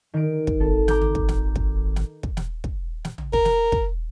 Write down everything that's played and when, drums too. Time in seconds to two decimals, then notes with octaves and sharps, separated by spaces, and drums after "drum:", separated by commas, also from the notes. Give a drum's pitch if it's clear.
0.14 D#3 D7
0.47 drum: kick
0.60 G#1 A4
0.88 A#5 D6 G6, drum: snare
1.01 drum: tom
1.15 drum: kick
1.29 drum: snare
1.56 drum: kick
1.96 drum: snare
2.23 drum: kick
2.37 drum: snare
2.64 drum: kick
3.05 drum: snare
3.18 drum: tom
3.33 A#4, drum: kick
3.45 drum: snare
3.72 drum: kick